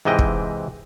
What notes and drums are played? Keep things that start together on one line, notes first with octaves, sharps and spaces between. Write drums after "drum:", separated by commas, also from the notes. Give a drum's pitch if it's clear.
G#2 C3 E3 D#5 G5
drum: kick